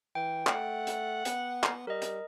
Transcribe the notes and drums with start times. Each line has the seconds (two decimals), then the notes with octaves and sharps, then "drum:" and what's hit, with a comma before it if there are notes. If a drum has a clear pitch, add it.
0.15 E3 G5
0.47 A3 F#5, drum: clap
0.87 drum: hi-hat
1.25 B3, drum: hi-hat
1.63 drum: clap
1.87 G3 A#4 D#5
2.02 drum: hi-hat